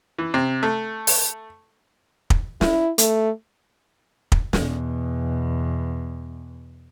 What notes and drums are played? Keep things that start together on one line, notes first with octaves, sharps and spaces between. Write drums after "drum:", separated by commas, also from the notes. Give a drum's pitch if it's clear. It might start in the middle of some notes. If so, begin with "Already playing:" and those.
E3
C3
A3
drum: open hi-hat
drum: kick
E4, drum: snare
A3, drum: hi-hat
drum: kick
E2 B2, drum: snare